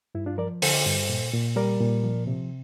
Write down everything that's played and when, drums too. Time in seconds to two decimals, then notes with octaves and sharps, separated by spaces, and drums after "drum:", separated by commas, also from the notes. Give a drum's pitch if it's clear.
0.15 G2 E4
0.26 D4 F4
0.38 F3 A#4 D5
0.62 D3 A4 C5, drum: open hi-hat
0.86 G2
1.09 A#2
1.33 A#2
1.56 G3 A#4 D5
1.80 A#2
2.04 F3
2.27 C3